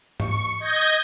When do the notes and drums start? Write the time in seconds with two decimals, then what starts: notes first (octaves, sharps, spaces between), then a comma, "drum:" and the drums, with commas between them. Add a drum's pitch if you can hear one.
0.20 C#6, drum: tom G#2
0.60 D#5 G6 G#6 A#6